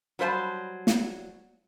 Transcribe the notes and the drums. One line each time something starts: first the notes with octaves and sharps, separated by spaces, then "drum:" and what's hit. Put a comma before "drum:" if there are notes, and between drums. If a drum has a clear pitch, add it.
F#3 G3 C5 F5 A5
drum: snare